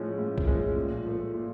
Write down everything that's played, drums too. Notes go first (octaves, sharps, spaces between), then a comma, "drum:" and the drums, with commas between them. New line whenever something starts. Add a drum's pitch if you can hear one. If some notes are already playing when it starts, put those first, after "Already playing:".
Already playing: A2 F3 G#3 C#4
A2
drum: kick B1
F3 G#3 C#4
A#2
F3 A3
A#2